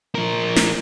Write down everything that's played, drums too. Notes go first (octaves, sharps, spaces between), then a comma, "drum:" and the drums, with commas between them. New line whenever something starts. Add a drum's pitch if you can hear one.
F3 A#4
drum: snare